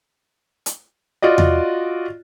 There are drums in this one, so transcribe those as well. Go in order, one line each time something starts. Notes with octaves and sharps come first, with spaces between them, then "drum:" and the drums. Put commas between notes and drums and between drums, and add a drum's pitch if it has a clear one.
drum: hi-hat
F4 F#4 D5 D#5
drum: tom E2